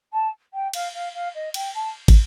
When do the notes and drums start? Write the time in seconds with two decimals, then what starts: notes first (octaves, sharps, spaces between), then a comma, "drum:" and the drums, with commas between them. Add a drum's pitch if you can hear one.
0.13 A5
0.53 G5
0.73 F5, drum: cymbal
0.94 F5
1.14 F5
1.34 D#5
1.54 G5, drum: cymbal
1.74 A5
2.08 drum: kick, cymbal